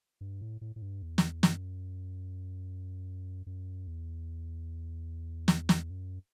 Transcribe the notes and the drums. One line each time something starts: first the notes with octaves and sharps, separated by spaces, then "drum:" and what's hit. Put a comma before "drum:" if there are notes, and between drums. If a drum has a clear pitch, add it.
G2
A2
A2
A2
G2
E2
drum: snare
F#2, drum: snare
F#2
E2
drum: snare
drum: snare
F#2